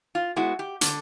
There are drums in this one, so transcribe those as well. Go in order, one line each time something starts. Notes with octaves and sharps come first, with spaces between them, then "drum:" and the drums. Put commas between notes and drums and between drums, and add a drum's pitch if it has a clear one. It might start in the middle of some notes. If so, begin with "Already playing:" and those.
F4
G#3 B3 E4 F#4
G4
D3 A4, drum: hi-hat